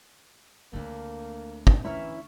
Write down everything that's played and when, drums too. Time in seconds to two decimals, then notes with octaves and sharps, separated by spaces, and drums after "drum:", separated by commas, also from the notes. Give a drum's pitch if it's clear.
0.73 D2 D3 A3 A#3 C4
1.67 drum: kick
1.85 E3 C#4 E4 E5 A#5 C#6 F6